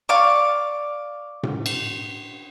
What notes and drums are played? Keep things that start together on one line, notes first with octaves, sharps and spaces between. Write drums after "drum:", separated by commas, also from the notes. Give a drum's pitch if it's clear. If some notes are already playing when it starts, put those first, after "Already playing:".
D5 F5 C#6
drum: tom A2
drum: cymbal